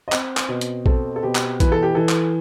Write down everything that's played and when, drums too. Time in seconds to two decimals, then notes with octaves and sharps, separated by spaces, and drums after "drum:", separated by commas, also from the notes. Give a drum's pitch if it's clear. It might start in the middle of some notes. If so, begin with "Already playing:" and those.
0.08 D#5
0.12 C4 C5, drum: clap
0.37 drum: clap
0.49 B2
0.61 drum: hi-hat
0.86 C4 A4, drum: kick A#1
1.16 A4
1.23 B2 G4
1.35 drum: clap
1.60 E3 B4, drum: kick A#1, hi-hat
1.72 A4
1.83 G4
1.95 E3 A4
2.09 drum: clap